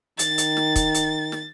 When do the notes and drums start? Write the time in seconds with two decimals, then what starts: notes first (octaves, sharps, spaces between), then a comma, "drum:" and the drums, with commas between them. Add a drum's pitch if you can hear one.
0.19 D#3 A6, drum: hi-hat
0.38 drum: hi-hat
0.57 drum: snare
0.76 drum: kick, hi-hat
0.94 drum: hi-hat
1.32 drum: snare